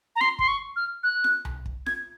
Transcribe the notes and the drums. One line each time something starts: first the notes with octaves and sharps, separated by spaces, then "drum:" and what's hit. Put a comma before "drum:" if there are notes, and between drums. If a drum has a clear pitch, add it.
A#5
C6, drum: snare
C6, drum: kick
C#6
F6
F#6
drum: snare
drum: tom C2
drum: kick
G#6, drum: snare